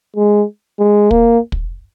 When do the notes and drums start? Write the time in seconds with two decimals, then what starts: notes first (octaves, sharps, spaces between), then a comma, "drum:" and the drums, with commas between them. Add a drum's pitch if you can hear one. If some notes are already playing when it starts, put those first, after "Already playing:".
0.16 G#3
0.79 G#3
1.11 A#3, drum: kick
1.52 drum: kick